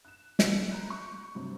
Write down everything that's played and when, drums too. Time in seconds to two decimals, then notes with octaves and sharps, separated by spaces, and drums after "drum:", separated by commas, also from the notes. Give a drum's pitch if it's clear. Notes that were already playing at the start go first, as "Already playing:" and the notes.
0.05 F#6 E7
0.39 drum: snare
0.71 A#5 B5 F#6 G6
0.90 C#6
1.35 G2 C3 F#3